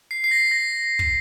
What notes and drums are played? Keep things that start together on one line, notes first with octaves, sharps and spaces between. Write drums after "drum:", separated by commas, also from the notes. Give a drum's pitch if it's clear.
C7
C7
A#6
A#6
drum: kick